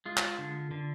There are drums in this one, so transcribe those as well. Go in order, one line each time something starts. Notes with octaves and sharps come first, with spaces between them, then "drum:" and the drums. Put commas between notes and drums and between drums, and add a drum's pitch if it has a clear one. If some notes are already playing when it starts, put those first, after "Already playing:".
G#3 F4
drum: clap
D3
D3